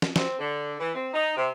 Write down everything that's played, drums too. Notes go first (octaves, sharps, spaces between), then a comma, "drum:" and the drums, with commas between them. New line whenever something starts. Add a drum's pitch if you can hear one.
drum: snare
C4, drum: snare
D3
E3
C4
D#4
C3